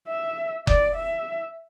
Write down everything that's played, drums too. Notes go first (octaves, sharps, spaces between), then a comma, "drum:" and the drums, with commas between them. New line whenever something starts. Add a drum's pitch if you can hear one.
E5
D5, drum: kick F#1
E5